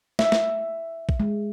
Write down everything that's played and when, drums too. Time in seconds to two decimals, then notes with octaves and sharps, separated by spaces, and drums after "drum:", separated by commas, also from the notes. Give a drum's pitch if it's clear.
0.19 E5, drum: snare
0.32 drum: snare
1.09 drum: kick
1.20 G#3